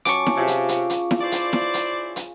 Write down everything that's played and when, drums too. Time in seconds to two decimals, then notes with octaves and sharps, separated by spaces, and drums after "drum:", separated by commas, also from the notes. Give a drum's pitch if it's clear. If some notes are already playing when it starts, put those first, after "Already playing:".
0.05 F#3 C#4 A5 C#6 D6, drum: hi-hat
0.27 drum: snare E4
0.37 C3 F4 G#4
0.48 drum: hi-hat
0.69 drum: hi-hat
0.90 drum: hi-hat
1.11 drum: snare E4
1.22 E4 C5 D5
1.32 drum: hi-hat
1.53 drum: snare E4
1.74 drum: hi-hat
2.16 drum: hi-hat